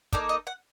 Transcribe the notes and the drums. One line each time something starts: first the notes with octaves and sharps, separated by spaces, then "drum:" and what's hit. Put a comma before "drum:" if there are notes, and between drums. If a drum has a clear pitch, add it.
A#3 D#4 A4 D5, drum: kick, hi-hat
D#5
F#5